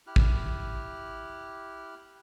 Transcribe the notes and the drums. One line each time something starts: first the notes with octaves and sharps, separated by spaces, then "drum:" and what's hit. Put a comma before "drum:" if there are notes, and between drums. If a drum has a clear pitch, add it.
E4 G4 F6 F#6
drum: kick A1